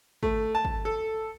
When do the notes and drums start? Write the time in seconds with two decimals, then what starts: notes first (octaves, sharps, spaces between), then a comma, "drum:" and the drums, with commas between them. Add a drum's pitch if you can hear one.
0.23 A3, drum: kick
0.55 A5
0.65 drum: kick
0.85 A4